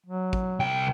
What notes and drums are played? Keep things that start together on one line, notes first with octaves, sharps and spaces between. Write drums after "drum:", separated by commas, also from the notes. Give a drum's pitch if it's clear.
F#3
drum: kick
C2 G5